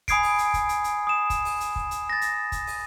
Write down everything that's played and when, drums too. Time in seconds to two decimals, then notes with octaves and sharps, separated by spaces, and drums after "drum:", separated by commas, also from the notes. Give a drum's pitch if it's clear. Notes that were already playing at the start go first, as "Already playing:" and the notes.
0.08 G#5 B5 D#6 G#6 C7 D7, drum: kick, hi-hat
0.23 drum: open hi-hat
0.38 drum: hi-hat
0.54 drum: kick, hi-hat
0.69 drum: hi-hat
0.84 drum: hi-hat
1.07 D#6 E7
1.30 drum: kick, hi-hat
1.45 drum: open hi-hat
1.60 drum: hi-hat
1.76 drum: kick
1.91 drum: hi-hat
2.09 A6 A#6
2.21 drum: hi-hat
2.52 drum: kick, hi-hat
2.67 drum: open hi-hat